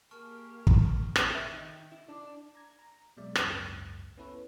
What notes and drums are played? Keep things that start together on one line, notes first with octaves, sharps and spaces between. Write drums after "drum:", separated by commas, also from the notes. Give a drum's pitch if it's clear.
A#3 G4 G#4 A#4 A5 C#6 F6
drum: kick
drum: rim click
E5
D#3
E4
D4
A#5 G#6
A#5
B2 F#3 G#3 D5 E5
G#1 C#2 F#2, drum: rim click
B3 C#4 E4 A4 B4 C#5